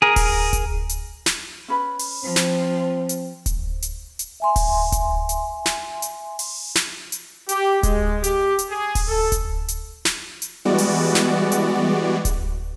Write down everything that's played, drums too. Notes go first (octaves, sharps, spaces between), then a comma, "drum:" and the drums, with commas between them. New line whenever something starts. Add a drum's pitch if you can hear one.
G#4 A#4
drum: kick D1, open hi-hat
drum: kick D1, hi-hat
drum: hi-hat
drum: snare
C#4 B4 B5
drum: open hi-hat
F3 C4
drum: snare
drum: hi-hat
drum: kick D1, hi-hat
drum: hi-hat
drum: hi-hat
E5 G#5 C6
drum: kick D1, open hi-hat
drum: kick D1, hi-hat
drum: hi-hat
drum: snare
drum: hi-hat
drum: open hi-hat
drum: snare
drum: hi-hat
G4, drum: hi-hat
G#3, drum: kick D1, hi-hat
G4, drum: hi-hat
drum: hi-hat
G#4
drum: kick D1, open hi-hat
A4
drum: kick D1, hi-hat
drum: hi-hat
drum: snare
drum: hi-hat
E3 G3 G#3 B3 F#4 D5
drum: open hi-hat
drum: snare
drum: hi-hat
drum: kick D1, hi-hat